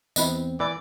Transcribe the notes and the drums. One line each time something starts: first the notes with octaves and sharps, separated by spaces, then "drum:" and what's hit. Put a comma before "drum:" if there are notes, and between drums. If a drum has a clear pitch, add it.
E2 C4 E4 B4 D#5, drum: tambourine
E3 D5